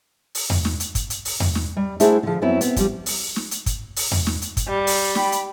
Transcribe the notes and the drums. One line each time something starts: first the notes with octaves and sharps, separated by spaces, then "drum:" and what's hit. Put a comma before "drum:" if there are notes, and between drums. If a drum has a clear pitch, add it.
drum: open hi-hat
drum: tom E2
drum: snare
drum: hi-hat
drum: kick, hi-hat
drum: hi-hat
drum: open hi-hat
drum: tom E2
drum: snare
G3
A3 D4 E4 G#4 C5 F#5, drum: hi-hat
D3 F3
F#2 F#3 B3 C4 E4
B3 C4, drum: hi-hat
F3 G3 G4, drum: kick, hi-hat
drum: open hi-hat
drum: snare
drum: hi-hat
drum: kick, hi-hat
drum: open hi-hat
drum: tom E2
drum: snare
drum: hi-hat
drum: kick, hi-hat
G3
drum: open hi-hat
G5 B5, drum: snare
drum: hi-hat